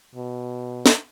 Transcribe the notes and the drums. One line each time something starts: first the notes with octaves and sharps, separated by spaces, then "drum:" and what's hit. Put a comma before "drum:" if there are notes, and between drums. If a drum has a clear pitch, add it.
B2
drum: snare